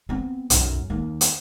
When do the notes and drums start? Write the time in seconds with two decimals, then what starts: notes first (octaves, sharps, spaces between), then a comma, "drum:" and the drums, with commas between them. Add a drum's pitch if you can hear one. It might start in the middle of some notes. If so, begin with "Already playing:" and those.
0.09 B3 C4
0.50 B1 F#2, drum: hi-hat
0.90 D#2 A#3
1.21 drum: hi-hat